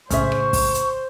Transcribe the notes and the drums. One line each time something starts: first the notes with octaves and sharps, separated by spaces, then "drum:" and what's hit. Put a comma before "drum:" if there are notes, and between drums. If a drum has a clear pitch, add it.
A2 C#3 C#4 G#4 C5 E5 C#6, drum: kick, hi-hat
drum: rim click
drum: kick, open hi-hat
drum: hi-hat